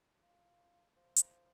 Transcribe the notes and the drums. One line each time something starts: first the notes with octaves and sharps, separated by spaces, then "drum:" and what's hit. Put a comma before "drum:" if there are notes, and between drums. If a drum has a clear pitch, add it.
F4
F3
F3, drum: hi-hat